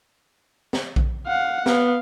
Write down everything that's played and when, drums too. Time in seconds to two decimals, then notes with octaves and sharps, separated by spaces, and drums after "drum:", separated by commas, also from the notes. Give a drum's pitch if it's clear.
0.73 drum: snare
0.96 drum: kick A#1
1.27 F5 F#5
1.66 B3 F5, drum: snare